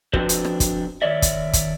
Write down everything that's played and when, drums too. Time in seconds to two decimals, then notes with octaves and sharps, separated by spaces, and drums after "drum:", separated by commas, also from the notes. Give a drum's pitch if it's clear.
0.13 F3 C4 D4 F#4 B4 C5, drum: kick
0.29 drum: hi-hat
0.45 drum: rim click
0.60 drum: kick, hi-hat
1.02 D#3 C#5 D5 E5
1.22 drum: kick, hi-hat
1.53 drum: kick, hi-hat